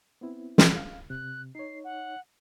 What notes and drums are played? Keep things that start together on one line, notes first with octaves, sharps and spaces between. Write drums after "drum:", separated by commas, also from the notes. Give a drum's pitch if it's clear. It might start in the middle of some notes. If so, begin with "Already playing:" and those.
B3 C4 E4
drum: snare
F5
C3 F#6
D#4 C#5 C7
F#5